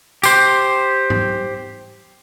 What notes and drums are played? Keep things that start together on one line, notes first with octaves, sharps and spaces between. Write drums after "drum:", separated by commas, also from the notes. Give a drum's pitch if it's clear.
G4 C5, drum: tambourine
drum: tom G#2